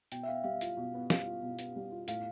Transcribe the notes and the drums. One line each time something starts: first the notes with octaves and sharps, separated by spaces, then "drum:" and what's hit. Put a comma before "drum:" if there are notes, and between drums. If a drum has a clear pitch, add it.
B2 G5, drum: hi-hat
E5
B3 F5
G3 F5
F4, drum: hi-hat
B2
B3
G3 F5, drum: snare
F4
B2
B3, drum: hi-hat
G3
F4
A2 F5, drum: hi-hat